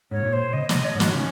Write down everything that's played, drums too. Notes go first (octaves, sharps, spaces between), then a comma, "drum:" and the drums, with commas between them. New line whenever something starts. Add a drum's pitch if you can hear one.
G#2 C#5
A#2
C5
C#3 D#5
D#5, drum: snare
C3
C#5
G#2
F#4, drum: snare
D#3
C#3 F3 C#4